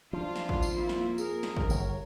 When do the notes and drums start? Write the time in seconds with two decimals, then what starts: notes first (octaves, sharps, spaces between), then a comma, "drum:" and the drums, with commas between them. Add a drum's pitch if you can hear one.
0.13 F3 D4 F4
0.36 drum: snare
0.49 drum: kick
0.62 drum: tambourine
0.72 F2 A#3 E4 F4
0.89 drum: snare
1.18 G#4 A#4, drum: tambourine
1.43 drum: snare
1.57 drum: kick
1.70 G1 C#5, drum: tambourine